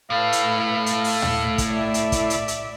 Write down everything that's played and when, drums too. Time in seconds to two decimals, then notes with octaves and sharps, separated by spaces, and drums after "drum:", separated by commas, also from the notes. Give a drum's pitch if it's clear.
0.10 A2 A3 B4 F5
0.32 drum: hi-hat
0.86 F5, drum: hi-hat
1.04 drum: open hi-hat
1.22 drum: tom
1.58 drum: kick, hi-hat
1.70 D5 E5
1.94 drum: hi-hat
2.12 drum: kick, hi-hat
2.30 drum: hi-hat
2.48 drum: hi-hat